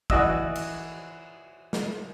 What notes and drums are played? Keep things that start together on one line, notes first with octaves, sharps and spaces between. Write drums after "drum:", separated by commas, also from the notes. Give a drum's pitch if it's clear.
E3 F#4 D5 D#5 D#6 E6, drum: kick
drum: cymbal
drum: snare